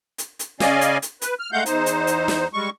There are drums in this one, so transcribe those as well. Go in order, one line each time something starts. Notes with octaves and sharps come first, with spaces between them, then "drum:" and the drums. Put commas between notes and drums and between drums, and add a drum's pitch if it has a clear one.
drum: hi-hat
drum: hi-hat
C#3 C#4 D5 D#5 F5 G#5, drum: snare
drum: hi-hat
drum: hi-hat
B4, drum: hi-hat
F6
G#3 A3 F5 F#5 G6
E2 D#4 C5, drum: hi-hat
drum: hi-hat
drum: hi-hat
drum: snare
G3 G#3 C#6